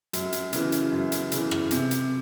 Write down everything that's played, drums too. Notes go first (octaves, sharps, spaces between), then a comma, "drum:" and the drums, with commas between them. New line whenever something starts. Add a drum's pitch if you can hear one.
F#2, drum: hi-hat
drum: hi-hat
C#3 E3, drum: hi-hat
drum: hi-hat
F#2
drum: hi-hat
C#3 E3, drum: hi-hat
drum: rim click
C3, drum: hi-hat
drum: hi-hat